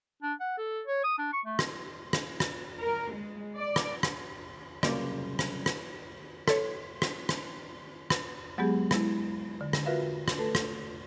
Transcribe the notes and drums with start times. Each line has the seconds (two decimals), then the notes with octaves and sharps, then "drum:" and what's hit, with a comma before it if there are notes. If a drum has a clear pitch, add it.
0.22 D4
0.40 F#5
0.57 A4
0.86 C#5
1.04 D#6
1.18 D4
1.33 C#6
1.45 A3
1.59 drum: rim click
2.13 drum: rim click
2.40 drum: rim click
2.80 A#4
3.13 G#3
3.57 D5
3.76 drum: rim click
4.03 drum: rim click
4.83 C2 F#2 C#3 A#3 D5, drum: rim click
5.39 drum: rim click
5.66 drum: rim click
6.48 A4 C#5, drum: rim click
7.02 drum: rim click
7.29 drum: rim click
8.10 drum: rim click
8.58 F#3 G#3 B3 G4 G#4
8.91 G#3 E4, drum: rim click
9.61 D3
9.73 drum: rim click
9.85 F4 F#4 A#4 B4 E5 F5
10.28 drum: rim click
10.38 A3 A4 B4
10.55 drum: rim click